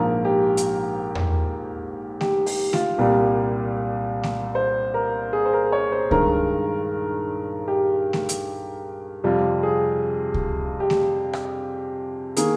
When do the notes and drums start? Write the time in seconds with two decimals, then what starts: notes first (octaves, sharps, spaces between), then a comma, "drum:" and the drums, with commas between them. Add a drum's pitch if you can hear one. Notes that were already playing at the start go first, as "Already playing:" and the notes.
Already playing: A#1 G#2 F3 A#3 A#4
0.25 G4
0.57 drum: hi-hat
1.15 drum: tom E2
2.21 G4, drum: snare A3
2.46 G4, drum: open hi-hat
2.73 F4, drum: snare A3
2.98 C2 A#2 G3 A#3 G4
4.23 drum: snare A3
4.55 C5
4.94 A#4
5.33 G#4
5.46 C5
5.53 A#4
5.72 C#5
5.92 C5
6.11 G2 D#3 G#3 A#4, drum: kick C#2
7.68 G4
8.13 drum: snare A3
8.29 drum: hi-hat
9.24 F2 C3 G3 F4
9.63 G#4
10.34 drum: kick C#2
10.80 G4
10.90 drum: snare A3
11.33 drum: rim click
12.37 D#3 A#3 G#4, drum: hi-hat